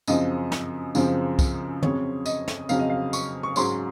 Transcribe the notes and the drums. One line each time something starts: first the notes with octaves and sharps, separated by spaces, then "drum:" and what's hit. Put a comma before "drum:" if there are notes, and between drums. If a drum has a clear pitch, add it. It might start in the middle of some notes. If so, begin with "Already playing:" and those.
F#2 C#3 F3 C4 D#5, drum: tambourine
drum: snare
F#2 C#3 F3 C4, drum: tambourine
drum: kick, tambourine
F2 C#3 F#3 C4 C#5, drum: tom
D#5, drum: tambourine
drum: snare
F2 C#3 F#3 C4 F5, drum: tambourine
D#5
F5
C#6, drum: tambourine
C#6
G#2 F#3 C#4 C6, drum: tambourine